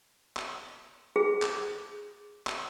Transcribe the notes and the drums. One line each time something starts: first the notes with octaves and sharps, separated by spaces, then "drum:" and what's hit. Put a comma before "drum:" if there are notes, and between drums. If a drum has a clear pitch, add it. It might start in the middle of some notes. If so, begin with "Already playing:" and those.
drum: clap
G#4
drum: clap
drum: clap